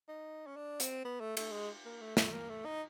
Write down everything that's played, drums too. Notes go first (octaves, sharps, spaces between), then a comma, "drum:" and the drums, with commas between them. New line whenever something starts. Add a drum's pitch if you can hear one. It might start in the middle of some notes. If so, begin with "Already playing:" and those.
D#4
C#4
D4
C4, drum: hi-hat
B3
A3
A3, drum: cymbal
G#3
A#3
A3
A3, drum: snare
A#3
A3
D#4